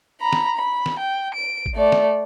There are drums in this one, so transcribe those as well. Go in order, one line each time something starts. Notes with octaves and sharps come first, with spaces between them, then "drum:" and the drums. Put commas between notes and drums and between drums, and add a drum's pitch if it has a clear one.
A#5 B5
drum: snare
B5
drum: snare
G5
D7
drum: kick G#1
A3 D5
drum: snare